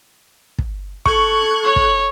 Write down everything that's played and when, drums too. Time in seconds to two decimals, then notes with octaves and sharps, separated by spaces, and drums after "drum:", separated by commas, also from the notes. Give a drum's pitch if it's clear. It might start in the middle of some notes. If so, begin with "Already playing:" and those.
0.59 drum: kick
1.06 A4 C#6 F#6 G#6, drum: kick
1.65 C#5
1.76 drum: kick